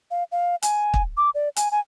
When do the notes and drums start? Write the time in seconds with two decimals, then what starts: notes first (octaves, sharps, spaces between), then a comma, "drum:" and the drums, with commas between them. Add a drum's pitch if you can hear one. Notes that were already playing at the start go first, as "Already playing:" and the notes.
0.11 F5
0.32 F5
0.62 G#5, drum: hi-hat
0.94 drum: kick
1.17 D6
1.35 D5
1.56 G#5, drum: hi-hat
1.71 G#5